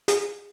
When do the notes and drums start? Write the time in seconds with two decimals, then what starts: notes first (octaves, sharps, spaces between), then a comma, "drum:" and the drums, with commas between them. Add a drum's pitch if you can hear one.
0.08 G#4, drum: hi-hat